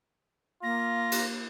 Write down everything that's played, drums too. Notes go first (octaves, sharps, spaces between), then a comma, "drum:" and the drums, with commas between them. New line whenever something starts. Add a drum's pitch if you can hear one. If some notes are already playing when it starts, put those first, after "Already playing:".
A#3 F4 A#6
drum: cymbal